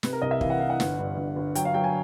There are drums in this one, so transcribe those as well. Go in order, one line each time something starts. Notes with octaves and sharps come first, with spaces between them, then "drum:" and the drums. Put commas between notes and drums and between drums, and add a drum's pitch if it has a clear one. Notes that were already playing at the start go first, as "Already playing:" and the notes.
C3 B4, drum: snare
A#4
C2 D#5
E5
E3 F5, drum: kick
F#5
E3 F5
F#5
G1, drum: snare
G2
G1
G1
F#3 G5, drum: hi-hat
F5
F#3 G5
G#5